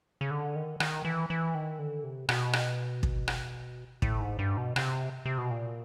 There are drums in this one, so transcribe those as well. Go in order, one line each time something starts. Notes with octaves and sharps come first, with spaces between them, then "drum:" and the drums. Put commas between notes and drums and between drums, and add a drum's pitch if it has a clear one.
C#3
D3
D#3
D#3, drum: rim click
E3
E3
D#3
D3
C3
B2, drum: rim click
drum: rim click
drum: kick
drum: rim click
A2, drum: kick
G#2
G2
B2
C3, drum: rim click
C3
B2
A#2